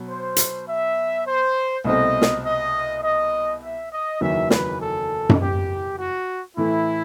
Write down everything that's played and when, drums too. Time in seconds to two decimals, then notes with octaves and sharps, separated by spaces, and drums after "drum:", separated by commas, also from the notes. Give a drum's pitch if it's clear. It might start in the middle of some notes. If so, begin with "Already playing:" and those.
Already playing: B2 F#3
0.08 C5
0.36 drum: hi-hat
0.67 E5
1.26 C5
1.85 C2 B2 A3 C4 D#5
2.22 drum: snare
2.44 D#5
3.02 D#5
3.62 E5
3.91 D#5
4.21 F#1 E2 D#3 F#3 E5
4.50 B4, drum: snare
4.80 A4
5.29 drum: tom F#2
5.40 G4
5.97 F#4
6.56 A2 E3 A3 E4